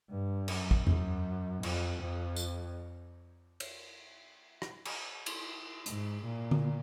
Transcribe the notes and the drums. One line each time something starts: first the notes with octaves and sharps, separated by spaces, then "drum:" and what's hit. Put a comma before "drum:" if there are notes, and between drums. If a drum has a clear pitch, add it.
G2
F#2, drum: cymbal
drum: kick
F#2, drum: tom E2
F2, drum: cymbal
F2
drum: tambourine
drum: cymbal
drum: rim click
drum: cymbal
drum: cymbal
G#2, drum: hi-hat
A#2
drum: tom D3